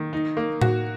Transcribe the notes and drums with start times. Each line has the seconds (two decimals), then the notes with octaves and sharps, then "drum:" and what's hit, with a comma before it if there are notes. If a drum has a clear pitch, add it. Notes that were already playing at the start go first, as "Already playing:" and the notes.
Already playing: D#3
0.13 D#4
0.37 A#3
0.62 F#4, drum: tom A2